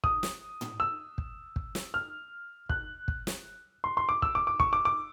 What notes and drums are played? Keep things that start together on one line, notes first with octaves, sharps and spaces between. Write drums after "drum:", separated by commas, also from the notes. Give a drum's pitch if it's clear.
D#6, drum: kick
drum: snare
drum: tom
E6
drum: kick
drum: kick
drum: snare
F6
F#6, drum: kick
drum: kick
drum: snare
C6
C6
D6
E6, drum: kick
D6
D6
C#6, drum: kick
D6
D6